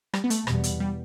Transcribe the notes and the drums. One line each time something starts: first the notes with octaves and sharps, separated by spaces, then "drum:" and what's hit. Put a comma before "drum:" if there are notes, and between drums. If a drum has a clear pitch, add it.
G3, drum: rim click
B3
A3, drum: hi-hat
E2 B2 G3 B3, drum: rim click
drum: hi-hat
G3